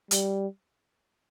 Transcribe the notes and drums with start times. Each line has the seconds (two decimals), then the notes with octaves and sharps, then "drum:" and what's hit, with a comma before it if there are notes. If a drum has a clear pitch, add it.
0.11 G3, drum: hi-hat